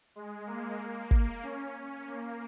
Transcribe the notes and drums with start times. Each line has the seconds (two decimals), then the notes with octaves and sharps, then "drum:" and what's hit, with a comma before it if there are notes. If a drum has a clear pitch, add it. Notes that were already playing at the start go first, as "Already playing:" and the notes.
0.16 G#3
0.47 A#3
1.11 A#3, drum: kick
1.43 C#4
1.75 C#4
2.07 A#3